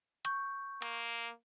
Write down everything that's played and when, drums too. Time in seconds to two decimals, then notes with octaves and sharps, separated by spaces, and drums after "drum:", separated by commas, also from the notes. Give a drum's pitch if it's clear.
0.25 C#6 G6, drum: hi-hat
0.82 A#3, drum: hi-hat